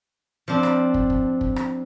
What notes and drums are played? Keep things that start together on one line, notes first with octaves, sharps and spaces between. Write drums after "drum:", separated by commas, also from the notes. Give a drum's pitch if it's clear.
F3 C4 D4
drum: rim click
drum: kick
drum: kick
drum: kick
drum: rim click